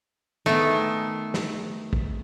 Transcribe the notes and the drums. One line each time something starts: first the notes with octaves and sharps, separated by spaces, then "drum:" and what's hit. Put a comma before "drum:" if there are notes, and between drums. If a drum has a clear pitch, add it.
D#3 A3 B3 G#4
drum: snare
drum: kick